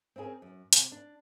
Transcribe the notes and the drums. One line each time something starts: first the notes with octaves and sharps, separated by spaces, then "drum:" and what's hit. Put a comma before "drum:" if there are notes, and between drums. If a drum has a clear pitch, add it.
C4 C#4 E4 G#4 A#4
F#2
C3, drum: hi-hat
D4